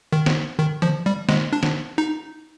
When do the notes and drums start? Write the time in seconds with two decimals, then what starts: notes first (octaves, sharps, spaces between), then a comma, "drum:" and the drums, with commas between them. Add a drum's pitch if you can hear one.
0.13 D#3
0.26 drum: snare
0.59 D#3
0.82 F3, drum: tom D3
1.06 G3
1.29 G#3, drum: snare
1.53 D4
1.63 drum: snare
1.98 D#4